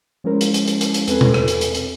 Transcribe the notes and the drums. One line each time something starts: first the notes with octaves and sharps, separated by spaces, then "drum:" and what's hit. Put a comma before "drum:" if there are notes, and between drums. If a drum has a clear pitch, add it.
F3 G#3 C#4 E4 A#4 C5
drum: hi-hat
drum: hi-hat
drum: hi-hat
drum: hi-hat
drum: hi-hat
E2 C4 A4 B4 G#5, drum: hi-hat
drum: tom B2
drum: rim click
drum: hi-hat
drum: hi-hat
drum: hi-hat